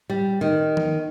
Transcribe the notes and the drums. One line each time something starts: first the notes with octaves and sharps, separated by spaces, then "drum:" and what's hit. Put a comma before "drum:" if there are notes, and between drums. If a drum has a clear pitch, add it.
G3
D#3
drum: tom D#3